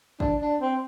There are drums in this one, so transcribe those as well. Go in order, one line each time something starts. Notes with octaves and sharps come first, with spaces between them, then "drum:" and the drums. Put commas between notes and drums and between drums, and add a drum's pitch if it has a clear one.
D4, drum: kick
D4
C4